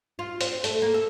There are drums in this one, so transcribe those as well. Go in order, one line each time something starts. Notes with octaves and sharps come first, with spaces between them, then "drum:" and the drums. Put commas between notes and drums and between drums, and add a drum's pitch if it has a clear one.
F4
C4, drum: hi-hat
A3, drum: hi-hat
A#3
A4